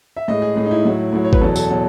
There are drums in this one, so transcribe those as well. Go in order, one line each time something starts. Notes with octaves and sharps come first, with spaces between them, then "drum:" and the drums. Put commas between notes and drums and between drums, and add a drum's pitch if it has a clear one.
E5
A2 G#3 D#5
G#4
A2 G#3
D#4
E4
A2 F#3
A2 F#3
C#5
B4, drum: kick G#1
E2 B2 F#3 A4
A4, drum: tambourine
B2 F#3